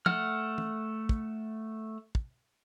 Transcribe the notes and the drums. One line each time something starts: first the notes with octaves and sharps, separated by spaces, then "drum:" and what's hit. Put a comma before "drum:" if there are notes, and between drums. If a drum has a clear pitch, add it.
A3 F#5 F6, drum: tom
drum: tom E3
drum: kick
drum: kick